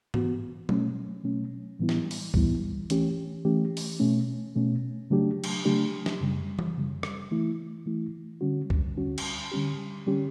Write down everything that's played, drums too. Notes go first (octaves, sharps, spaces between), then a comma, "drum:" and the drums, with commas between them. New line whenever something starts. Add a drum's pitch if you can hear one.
E3 B3 F#4, drum: tom
B2 F#3 A3 C#4, drum: tom F#3
B2 F#3 A3 C#4
A2 E3 G3 B3 E4
drum: snare
drum: open hi-hat
A2 E3 G3 B3 E4, drum: kick C#2
E3 A3 C#4 G4, drum: hi-hat
E3 A3 C#4 G4
drum: open hi-hat
B2 A3 C#4
B2 A3 C#4
C#3 F#3 A3 D4 G4
drum: cymbal
C#3 F#3 A3 D4 G4
drum: snare
F#2 C#3 G3
drum: tom E3
F#2 C#3 G3
drum: rim click
E3 A3 E4
E3 A3 E4
D3 G3 C#4 F#4
drum: kick C#2
D3 G3 C#4 F#4
drum: cymbal
D3 G3 C#4 G4
D3 G3 C#4 G4